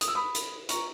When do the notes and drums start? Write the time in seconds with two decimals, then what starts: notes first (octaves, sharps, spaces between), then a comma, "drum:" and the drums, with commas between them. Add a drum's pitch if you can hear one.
0.01 D#6, drum: hi-hat
0.08 E6
0.15 B5 D#6
0.35 drum: hi-hat
0.69 A#5 C#6, drum: hi-hat